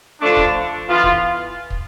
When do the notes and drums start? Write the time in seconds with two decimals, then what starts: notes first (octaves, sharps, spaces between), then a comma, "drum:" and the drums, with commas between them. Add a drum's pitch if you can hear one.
0.20 D3 F3 A3 D4
0.37 drum: kick
0.87 E3 B3 F4
1.03 drum: kick
1.70 drum: kick